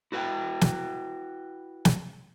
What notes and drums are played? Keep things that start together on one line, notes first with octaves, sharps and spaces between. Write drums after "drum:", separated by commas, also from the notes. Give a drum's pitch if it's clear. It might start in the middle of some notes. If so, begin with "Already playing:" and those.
E4 F#4 B4 F5 G5
drum: snare
drum: snare